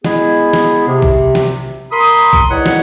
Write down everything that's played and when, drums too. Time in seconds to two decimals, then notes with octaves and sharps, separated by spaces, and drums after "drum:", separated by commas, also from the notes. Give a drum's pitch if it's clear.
0.04 G#3 B3 E4 G#4, drum: snare
0.53 drum: snare
0.88 C3
1.02 drum: kick
1.35 drum: snare
1.92 A#4 B5 C6 D#6
2.33 drum: kick
2.51 E2 D#3 E4 C#5 D5 F#5
2.66 drum: snare